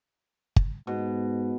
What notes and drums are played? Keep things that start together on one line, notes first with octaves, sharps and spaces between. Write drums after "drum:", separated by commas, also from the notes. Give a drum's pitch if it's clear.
drum: kick G1
G#2 B2